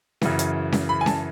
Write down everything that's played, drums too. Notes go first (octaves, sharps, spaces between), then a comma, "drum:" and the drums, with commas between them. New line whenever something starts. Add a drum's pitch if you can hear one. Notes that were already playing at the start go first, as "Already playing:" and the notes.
F#2 C#3 E3, drum: snare C#4
drum: hi-hat
drum: snare C#4
B5
G#5
A5, drum: snare C#4